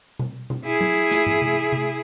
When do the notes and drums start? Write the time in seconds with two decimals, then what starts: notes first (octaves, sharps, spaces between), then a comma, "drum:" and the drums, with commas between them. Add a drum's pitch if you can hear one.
0.19 drum: tom B2
0.50 drum: tom B2
0.65 E4 G#4
0.81 drum: tom F#3
1.11 drum: snare
1.27 drum: tom
1.42 drum: tom C3
1.72 drum: tom C3